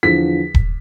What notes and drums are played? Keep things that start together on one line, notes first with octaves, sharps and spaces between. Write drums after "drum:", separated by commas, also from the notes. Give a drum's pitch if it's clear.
E2 D3 F3 B6
drum: kick D#1